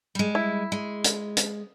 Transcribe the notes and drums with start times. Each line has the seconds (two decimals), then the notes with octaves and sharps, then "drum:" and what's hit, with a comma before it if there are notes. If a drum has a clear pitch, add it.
0.15 G3 G#3
0.35 E4
0.72 G#3
1.04 drum: hi-hat
1.37 drum: hi-hat